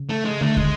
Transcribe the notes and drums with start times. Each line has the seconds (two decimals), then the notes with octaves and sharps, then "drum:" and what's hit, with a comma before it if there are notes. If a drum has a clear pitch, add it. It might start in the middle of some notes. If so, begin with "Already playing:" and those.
Already playing: C#3
0.09 A3
0.25 G#3
0.41 D3 A3
0.57 G#3, drum: kick